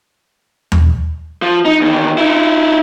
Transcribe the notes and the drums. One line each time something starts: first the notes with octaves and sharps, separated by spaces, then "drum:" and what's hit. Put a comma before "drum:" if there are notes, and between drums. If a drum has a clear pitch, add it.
drum: tom D#2
F3
D#4
E2 D#3
D#4 E4